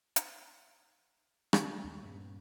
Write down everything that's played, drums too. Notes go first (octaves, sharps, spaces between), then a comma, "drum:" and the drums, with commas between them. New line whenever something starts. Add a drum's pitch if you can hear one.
drum: hi-hat
drum: rim click
D#2 A3
G2 A#2 B3 C#4